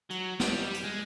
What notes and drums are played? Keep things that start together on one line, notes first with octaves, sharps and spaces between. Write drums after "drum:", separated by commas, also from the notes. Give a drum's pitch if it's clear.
F#3, drum: hi-hat
G3, drum: snare
drum: hi-hat
G#3